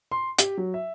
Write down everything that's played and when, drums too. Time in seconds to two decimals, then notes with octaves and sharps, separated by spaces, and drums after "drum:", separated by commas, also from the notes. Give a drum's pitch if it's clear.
0.12 C6
0.39 G4, drum: hi-hat
0.58 F#3
0.74 E5